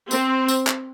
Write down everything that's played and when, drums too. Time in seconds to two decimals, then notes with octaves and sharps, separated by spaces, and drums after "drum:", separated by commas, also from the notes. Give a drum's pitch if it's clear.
0.11 C4, drum: tambourine
0.48 drum: tambourine
0.67 drum: clap